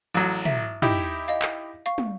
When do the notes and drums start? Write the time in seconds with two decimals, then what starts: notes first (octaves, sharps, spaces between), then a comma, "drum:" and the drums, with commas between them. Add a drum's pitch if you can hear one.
0.15 A1 F#3
0.45 E5, drum: tom
0.82 D#4 E4 G4, drum: tom
1.28 D#5 F5
1.42 drum: clap
1.86 F5 C#6
1.98 drum: tom